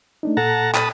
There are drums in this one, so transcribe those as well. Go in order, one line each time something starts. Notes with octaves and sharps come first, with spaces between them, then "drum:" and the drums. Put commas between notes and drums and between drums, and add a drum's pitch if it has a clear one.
A3 D4 D#4
A#2 A4 F#5 A5 A#5
A5 B5 D#6, drum: clap